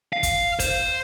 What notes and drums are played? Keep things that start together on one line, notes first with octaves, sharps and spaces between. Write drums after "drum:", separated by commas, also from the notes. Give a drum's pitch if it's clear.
F5
drum: kick, hi-hat
C5, drum: kick, hi-hat